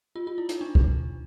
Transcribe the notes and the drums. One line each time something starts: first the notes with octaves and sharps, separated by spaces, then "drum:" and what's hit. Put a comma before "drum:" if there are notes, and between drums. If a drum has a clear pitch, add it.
F4
F4
E4
D#4, drum: hi-hat
D4
drum: kick